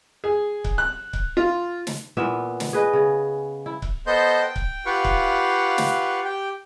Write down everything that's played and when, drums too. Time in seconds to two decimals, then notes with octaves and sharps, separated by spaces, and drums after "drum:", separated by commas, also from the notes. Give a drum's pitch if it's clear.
0.24 G#4
0.64 drum: kick C#1
0.78 F#6
1.13 drum: kick C#1
1.37 F4
1.87 drum: snare
2.17 A#2 E3 B3 E5
2.60 drum: snare
2.73 G#4 B4 D#5
2.93 C#3
3.66 E4
3.82 drum: kick C#1
4.07 B3 A4 C5 D#5 C6 G6
4.43 G5
4.56 drum: kick C#1
4.86 F4 G4 B4 F5 F#5 C#6
5.04 drum: kick C#1
5.78 drum: snare
6.24 G4 G5